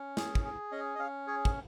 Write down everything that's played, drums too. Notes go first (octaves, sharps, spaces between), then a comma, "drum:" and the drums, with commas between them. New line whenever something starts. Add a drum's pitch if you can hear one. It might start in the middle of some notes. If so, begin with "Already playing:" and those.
Already playing: C#4
G#4, drum: snare
drum: kick
G#4
C#4 D#5
D#5
C#4 F5
G#4 C#5
drum: kick